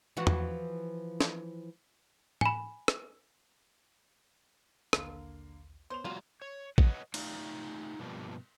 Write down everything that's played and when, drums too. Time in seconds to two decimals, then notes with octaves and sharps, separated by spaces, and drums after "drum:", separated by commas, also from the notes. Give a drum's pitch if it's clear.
0.17 E3 F3 F#4
0.27 drum: tom E2
1.20 drum: snare
2.41 G#5 B5, drum: tom
2.88 drum: rim click
4.93 A#1 D#2 D3 A#3, drum: rim click
5.90 B3 C5 C#5 C6 F7
6.05 G3 F4 F#4
6.42 C#5
6.78 B4 C#5 D#5 F#5, drum: kick
7.14 A3 D#4 F4 G4 D5 F5, drum: cymbal
7.99 G2 B2 F3 G3 A#3 D4